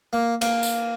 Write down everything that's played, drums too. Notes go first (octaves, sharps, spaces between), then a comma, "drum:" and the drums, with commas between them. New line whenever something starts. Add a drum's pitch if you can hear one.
A#3
A#3, drum: cymbal
drum: tambourine